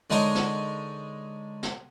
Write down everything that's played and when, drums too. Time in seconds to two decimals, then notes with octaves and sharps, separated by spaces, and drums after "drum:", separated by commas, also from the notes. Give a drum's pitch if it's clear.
0.10 D3 G#3 D#4 A#4 C#5
0.35 drum: snare
1.63 drum: snare